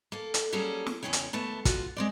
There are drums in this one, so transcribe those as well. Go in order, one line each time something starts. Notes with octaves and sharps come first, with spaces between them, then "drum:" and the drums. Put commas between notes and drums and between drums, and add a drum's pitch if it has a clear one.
A#3 A4
drum: hi-hat
F#3 G3 A#3 C#4 G#4 A4
drum: snare
E2 G#2 C#3 C#4 C#5 G5
drum: hi-hat
D#2 A3 B3 A5
F4 F#4, drum: kick, hi-hat
G#3 C4 D5